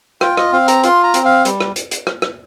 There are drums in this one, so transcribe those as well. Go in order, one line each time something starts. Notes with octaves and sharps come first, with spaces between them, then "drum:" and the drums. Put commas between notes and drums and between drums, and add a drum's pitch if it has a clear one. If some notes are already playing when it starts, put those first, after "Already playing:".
F4 G5, drum: rim click
D#5, drum: rim click
C4 F5
A#5, drum: hi-hat
F4 C6, drum: hi-hat
A#5
C4, drum: hi-hat
F5
G3, drum: hi-hat
drum: rim click
drum: hi-hat
drum: hi-hat
drum: rim click
drum: rim click